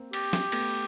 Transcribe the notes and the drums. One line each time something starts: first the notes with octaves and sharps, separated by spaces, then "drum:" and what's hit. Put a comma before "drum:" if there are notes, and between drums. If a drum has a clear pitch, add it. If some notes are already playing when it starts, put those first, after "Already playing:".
Already playing: A#3 C4
G4, drum: cymbal
drum: snare
A3 B3, drum: cymbal